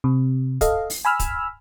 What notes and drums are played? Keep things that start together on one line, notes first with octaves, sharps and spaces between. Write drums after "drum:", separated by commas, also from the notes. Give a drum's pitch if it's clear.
C3
A4 D#5 F5, drum: kick, hi-hat
drum: open hi-hat
G#5 B5 E6 F6
drum: kick, hi-hat